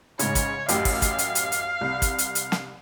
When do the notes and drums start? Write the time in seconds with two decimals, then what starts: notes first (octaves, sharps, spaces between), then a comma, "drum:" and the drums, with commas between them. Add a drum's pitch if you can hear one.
0.19 G#2 C#3 C#5, drum: hi-hat
0.35 drum: kick, hi-hat
0.69 A1 F#2 G4 F5, drum: hi-hat
0.85 drum: kick, open hi-hat
1.02 drum: kick, hi-hat
1.18 drum: hi-hat
1.35 drum: hi-hat
1.52 drum: hi-hat
1.81 C2
2.02 drum: kick, hi-hat
2.18 drum: hi-hat
2.35 drum: hi-hat
2.52 drum: snare